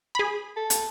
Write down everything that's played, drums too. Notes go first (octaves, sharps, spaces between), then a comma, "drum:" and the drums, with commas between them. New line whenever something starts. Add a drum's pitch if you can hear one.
G#4 B5
A4
drum: hi-hat